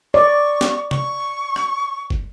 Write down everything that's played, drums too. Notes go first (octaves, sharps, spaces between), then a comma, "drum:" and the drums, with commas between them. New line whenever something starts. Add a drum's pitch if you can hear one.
D5 C#6
drum: snare
C#6, drum: tom C3
drum: rim click
drum: kick